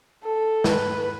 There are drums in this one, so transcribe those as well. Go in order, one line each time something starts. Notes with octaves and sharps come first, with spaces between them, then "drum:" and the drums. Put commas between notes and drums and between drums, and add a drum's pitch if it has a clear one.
A4
B4, drum: snare